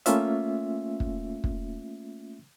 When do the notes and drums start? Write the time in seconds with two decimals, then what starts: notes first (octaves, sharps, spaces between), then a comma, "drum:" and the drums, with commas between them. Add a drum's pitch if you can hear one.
0.06 A3 A#3 C#4 F4 E5, drum: hi-hat
1.00 drum: kick
1.44 drum: kick